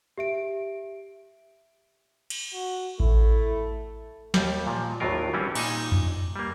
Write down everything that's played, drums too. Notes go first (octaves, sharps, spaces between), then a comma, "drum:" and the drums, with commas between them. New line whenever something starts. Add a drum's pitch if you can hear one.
G4 E5 D7
drum: cymbal
F#4
A3 E4, drum: kick A1
D#2 G3, drum: snare
A#2 F3
G#1 D#2 A2 F#3 F4 A#4
E3 G3 C4 C#4
A#2 D#4 G#5, drum: cymbal
drum: tom F2
G3 A#3